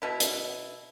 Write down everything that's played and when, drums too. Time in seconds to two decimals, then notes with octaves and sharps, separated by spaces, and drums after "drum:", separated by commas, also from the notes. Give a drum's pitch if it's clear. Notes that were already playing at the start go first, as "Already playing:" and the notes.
0.02 B2 E4
0.20 drum: hi-hat